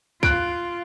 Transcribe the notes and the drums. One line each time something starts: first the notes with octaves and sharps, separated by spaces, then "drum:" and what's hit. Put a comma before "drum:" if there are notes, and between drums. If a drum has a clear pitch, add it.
F4 F#6 D7, drum: kick